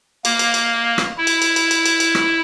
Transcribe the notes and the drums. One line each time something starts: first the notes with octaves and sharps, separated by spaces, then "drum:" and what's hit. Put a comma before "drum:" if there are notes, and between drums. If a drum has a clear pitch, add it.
A#3, drum: cymbal
drum: cymbal
drum: cymbal
drum: rim click
E4
drum: cymbal
drum: cymbal
drum: cymbal
drum: cymbal
drum: cymbal
drum: cymbal
drum: rim click